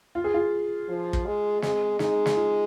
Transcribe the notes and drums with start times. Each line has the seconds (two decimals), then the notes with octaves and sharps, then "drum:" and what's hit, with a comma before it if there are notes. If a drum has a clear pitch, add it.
0.15 F4
0.24 G#4
0.34 F4
0.89 F3
1.13 drum: kick
1.26 G#3
1.62 G#3 C4, drum: snare
1.99 G#3 D#4, drum: snare
2.26 drum: snare
2.35 F4